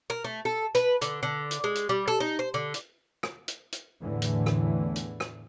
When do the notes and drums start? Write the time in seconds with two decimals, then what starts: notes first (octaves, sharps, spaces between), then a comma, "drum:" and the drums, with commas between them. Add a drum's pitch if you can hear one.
0.10 A#4
0.24 A3
0.45 A4
0.75 B4, drum: hi-hat
1.01 D3, drum: hi-hat
1.23 D3
1.51 drum: hi-hat
1.64 G#3
1.75 drum: hi-hat
1.89 G3
2.08 A4
2.20 D#4
2.39 C5
2.54 D3
2.74 drum: hi-hat
3.23 drum: rim click
3.48 drum: hi-hat
3.72 drum: hi-hat
4.02 E2 A2 D3 E3
4.22 drum: hi-hat
4.46 drum: rim click
4.96 drum: hi-hat
5.20 drum: rim click